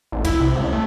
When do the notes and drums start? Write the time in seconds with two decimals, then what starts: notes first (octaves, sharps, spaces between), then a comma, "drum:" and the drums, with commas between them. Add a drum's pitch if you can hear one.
0.12 A1
0.25 E4, drum: kick, cymbal
0.40 C3
0.55 C#2
0.73 A3